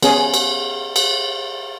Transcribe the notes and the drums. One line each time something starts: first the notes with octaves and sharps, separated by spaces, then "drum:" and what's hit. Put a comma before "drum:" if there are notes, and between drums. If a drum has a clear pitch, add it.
B3 C#4 G#4, drum: cymbal
drum: cymbal
drum: cymbal